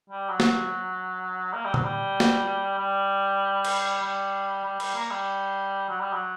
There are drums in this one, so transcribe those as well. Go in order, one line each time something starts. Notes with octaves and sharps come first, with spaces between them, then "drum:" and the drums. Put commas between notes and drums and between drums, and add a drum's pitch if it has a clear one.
G3
F#3
drum: snare
A#3
G3
F#3, drum: tom A#2
G3
drum: snare
G3
drum: cymbal
G3
G3
G3, drum: cymbal
A#3
G3
F#3
G3
F#3